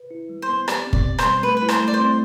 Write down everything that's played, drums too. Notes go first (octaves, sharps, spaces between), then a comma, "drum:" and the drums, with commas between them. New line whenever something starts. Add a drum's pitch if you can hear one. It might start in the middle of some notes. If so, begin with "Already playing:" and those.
Already playing: B4
E4
G3
C5
B3
G4 D5, drum: rim click
C4
D5, drum: kick
B2
C5, drum: rim click
G3
A3 B4
B4
E4
C5, drum: rim click
A3
D5
C5
C4